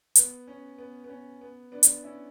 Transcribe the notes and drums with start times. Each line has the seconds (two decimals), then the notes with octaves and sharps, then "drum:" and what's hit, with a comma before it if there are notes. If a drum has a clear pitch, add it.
0.16 B3, drum: hi-hat
0.48 C#4
0.78 B3
1.04 B3
1.09 C#4
1.41 B3
1.72 B3 D4
1.83 drum: hi-hat
2.03 C#4 E4